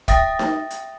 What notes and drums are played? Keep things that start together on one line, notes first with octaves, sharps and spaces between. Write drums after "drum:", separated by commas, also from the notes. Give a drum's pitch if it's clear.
E5 G5 D#6 A6 A#6, drum: kick, hi-hat
drum: snare D#4
drum: hi-hat